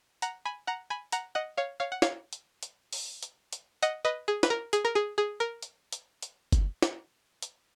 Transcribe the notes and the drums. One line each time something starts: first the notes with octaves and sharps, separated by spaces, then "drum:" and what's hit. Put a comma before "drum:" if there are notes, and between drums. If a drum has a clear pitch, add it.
F#5 A#5, drum: hi-hat
G#5 B5
F#5 A#5
G#5 B5
F#5 A#5, drum: hi-hat
D#5 F#5
C#5 F5
C#5 F5
F#5
C#5 F5, drum: snare
drum: hi-hat
drum: hi-hat
drum: open hi-hat
drum: hi-hat
drum: hi-hat
D#5 F#5, drum: hi-hat
B4 D#5
G#4
B4, drum: snare
A#4
G#4, drum: hi-hat
A#4
G#4
G#4
A#4
drum: hi-hat
drum: hi-hat
drum: hi-hat
drum: kick F#1, hi-hat
drum: snare
drum: hi-hat